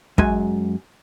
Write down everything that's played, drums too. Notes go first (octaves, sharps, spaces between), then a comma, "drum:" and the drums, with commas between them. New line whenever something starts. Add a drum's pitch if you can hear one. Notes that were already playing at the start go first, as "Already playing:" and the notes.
F#2 G#3 G#5, drum: kick